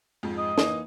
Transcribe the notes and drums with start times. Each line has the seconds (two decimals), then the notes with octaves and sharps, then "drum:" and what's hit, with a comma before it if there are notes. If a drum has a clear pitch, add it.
0.23 F2 G#2 F3
0.38 D#5
0.58 E3 A#3 D#4, drum: snare